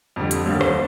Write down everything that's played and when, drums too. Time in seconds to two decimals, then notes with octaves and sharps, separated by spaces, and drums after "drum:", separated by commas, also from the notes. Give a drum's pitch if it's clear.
0.16 F2 D3 G3
0.31 drum: hi-hat
0.46 D#2 D3 G3 A#3
0.61 drum: rim click